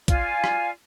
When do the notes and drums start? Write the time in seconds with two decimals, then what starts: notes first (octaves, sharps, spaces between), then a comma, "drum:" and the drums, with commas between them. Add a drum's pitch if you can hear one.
0.08 F4 D5 F5 G#5, drum: kick B1, hi-hat
0.44 drum: rim click